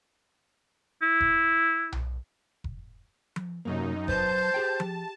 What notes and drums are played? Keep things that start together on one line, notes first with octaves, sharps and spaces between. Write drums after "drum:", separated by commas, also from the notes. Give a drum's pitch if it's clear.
E4
drum: kick F1
drum: tom B1
drum: kick F1
drum: tom F3
F#2 C3 F#3 A#3 D#4
F#3 B4 C5 A5 G6, drum: kick F1
G4 G#4 G5
drum: tom F3